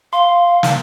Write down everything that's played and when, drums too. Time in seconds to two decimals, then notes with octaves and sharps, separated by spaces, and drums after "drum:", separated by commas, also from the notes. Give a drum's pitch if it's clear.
0.13 F5 C6
0.63 drum: snare